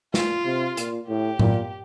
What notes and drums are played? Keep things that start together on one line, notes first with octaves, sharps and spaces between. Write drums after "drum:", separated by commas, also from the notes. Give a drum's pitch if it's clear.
A#2 F4, drum: snare
C3
A#2, drum: hi-hat
A2 G4
A#2, drum: tom A2